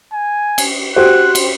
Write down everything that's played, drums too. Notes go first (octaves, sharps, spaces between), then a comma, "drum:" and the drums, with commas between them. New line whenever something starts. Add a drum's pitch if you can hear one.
G#5
drum: cymbal
F#4 G4 C5 F#6
drum: cymbal